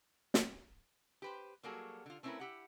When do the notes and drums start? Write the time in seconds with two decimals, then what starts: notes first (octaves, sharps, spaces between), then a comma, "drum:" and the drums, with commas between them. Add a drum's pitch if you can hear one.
0.34 drum: snare
1.22 G4 B4 C5
1.63 F#3 G3 A#3 F#4 G#4 A4
2.06 D3 F4
2.23 A3 C4 C#4 E4 A#4 B4
2.40 E4 G4 F#5